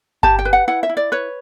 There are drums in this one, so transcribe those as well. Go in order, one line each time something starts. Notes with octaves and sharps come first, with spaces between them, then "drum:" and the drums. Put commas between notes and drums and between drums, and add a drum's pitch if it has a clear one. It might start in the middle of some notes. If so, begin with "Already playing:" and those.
G4 A5, drum: kick G1
G5
B4
F#5
E4 F#5
E5
E4
D5
B4 C#5